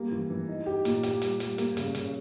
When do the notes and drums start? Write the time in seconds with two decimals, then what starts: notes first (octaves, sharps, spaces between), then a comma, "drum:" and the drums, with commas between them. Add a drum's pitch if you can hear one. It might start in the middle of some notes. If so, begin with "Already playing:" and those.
Already playing: G3 A#3
0.11 E3
0.30 E3
0.48 D#4
0.66 G4
0.85 A#2, drum: hi-hat
1.03 G4, drum: hi-hat
1.22 G3, drum: hi-hat
1.40 G3, drum: hi-hat
1.58 A#3, drum: hi-hat
1.77 C#3, drum: hi-hat
1.95 C#3, drum: hi-hat